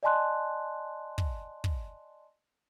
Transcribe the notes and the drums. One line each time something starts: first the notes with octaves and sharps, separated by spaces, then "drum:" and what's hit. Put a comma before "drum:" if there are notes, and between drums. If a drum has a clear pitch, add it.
D5 D#5 G#5 A5 C6 F#6
drum: kick
drum: kick